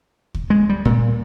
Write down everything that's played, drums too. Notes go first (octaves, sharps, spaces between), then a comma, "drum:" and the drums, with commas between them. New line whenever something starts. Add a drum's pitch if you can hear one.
drum: kick
G#3
G3
A#2, drum: kick